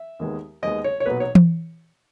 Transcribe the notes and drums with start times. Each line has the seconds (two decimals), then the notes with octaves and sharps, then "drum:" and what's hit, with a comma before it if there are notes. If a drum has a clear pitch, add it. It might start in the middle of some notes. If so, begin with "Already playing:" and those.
Already playing: E5
0.19 D#2 D#3 G#3 B3
0.62 D#2 D#3 G#3 B3 D#5
0.84 C#5
1.00 C#5
1.06 B1 A#2 F#3 B3 B4
1.20 C#5
1.35 drum: tom E3